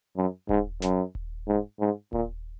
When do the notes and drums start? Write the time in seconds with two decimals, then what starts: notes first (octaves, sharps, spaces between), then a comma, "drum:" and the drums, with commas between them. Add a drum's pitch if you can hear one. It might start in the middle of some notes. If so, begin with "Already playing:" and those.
0.17 F#2
0.49 G#2, drum: kick D#1
0.82 F#2, drum: snare
1.15 drum: kick D#1
1.48 G#2
1.80 G#2
2.13 A#2, drum: kick D#1